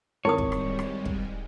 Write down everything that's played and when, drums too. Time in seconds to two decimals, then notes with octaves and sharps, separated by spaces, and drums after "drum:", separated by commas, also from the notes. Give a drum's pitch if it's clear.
0.25 G#1 G#2 G3 G#3 E4 A#4 C#5 D#6
0.38 drum: kick
0.52 drum: rim click
0.79 drum: rim click
1.06 drum: kick